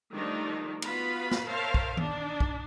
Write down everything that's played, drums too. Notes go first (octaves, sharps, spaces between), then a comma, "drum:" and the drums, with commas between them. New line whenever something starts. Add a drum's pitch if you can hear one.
D#3 F3 G3 A3 D4 D#4
B3 F4 F#4 B4 F5 B5, drum: cymbal
drum: snare
A#4 C5 C#5 E5 F5 A5
drum: kick
D4 D#4, drum: tom D#3
drum: kick